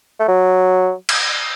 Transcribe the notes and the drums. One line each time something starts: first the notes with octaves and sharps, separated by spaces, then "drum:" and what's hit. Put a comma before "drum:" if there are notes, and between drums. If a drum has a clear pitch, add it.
A3
F#3
drum: cymbal